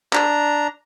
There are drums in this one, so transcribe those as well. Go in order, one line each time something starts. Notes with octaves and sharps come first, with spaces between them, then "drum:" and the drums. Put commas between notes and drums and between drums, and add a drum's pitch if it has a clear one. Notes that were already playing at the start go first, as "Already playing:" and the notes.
D4 A#5, drum: clap